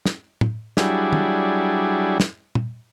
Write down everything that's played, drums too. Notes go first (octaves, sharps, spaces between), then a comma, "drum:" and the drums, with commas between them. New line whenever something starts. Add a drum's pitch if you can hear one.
drum: snare
drum: tom
F#3 G3 D4 E4 G#4, drum: snare
drum: tom
drum: snare
drum: tom A#2